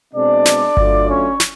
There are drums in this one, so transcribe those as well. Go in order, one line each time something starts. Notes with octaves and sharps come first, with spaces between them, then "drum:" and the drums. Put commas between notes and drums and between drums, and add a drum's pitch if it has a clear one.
B2 G#3 C4 D4 D5
drum: snare
F#3 A3 D4 F4, drum: kick G1
C#4 C#5
drum: snare